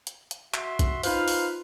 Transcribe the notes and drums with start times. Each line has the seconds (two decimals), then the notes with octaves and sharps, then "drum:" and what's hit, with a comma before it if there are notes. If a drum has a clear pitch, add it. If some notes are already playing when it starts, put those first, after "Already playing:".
0.07 drum: hi-hat
0.31 drum: hi-hat
0.54 F#4 E5 C6, drum: clap
0.79 drum: kick A#1, hi-hat
1.03 D#4 F4 B4 C5 F5, drum: open hi-hat
1.28 drum: open hi-hat